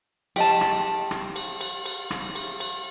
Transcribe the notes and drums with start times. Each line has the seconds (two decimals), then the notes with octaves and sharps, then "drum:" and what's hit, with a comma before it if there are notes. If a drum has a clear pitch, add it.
0.36 G4 D#5 A5, drum: cymbal
0.61 drum: rim click
1.11 drum: rim click
1.36 drum: cymbal
1.61 drum: cymbal
1.86 drum: cymbal
2.11 drum: rim click
2.35 drum: cymbal
2.60 drum: cymbal